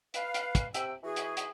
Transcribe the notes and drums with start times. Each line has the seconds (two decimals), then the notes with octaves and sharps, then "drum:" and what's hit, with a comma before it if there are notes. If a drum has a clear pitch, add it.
0.14 B4 F5, drum: hi-hat
0.34 drum: hi-hat
0.55 drum: kick, hi-hat
0.74 C3 G5 E6, drum: hi-hat
1.03 E3 F#4 G#4
1.16 drum: hi-hat
1.37 drum: hi-hat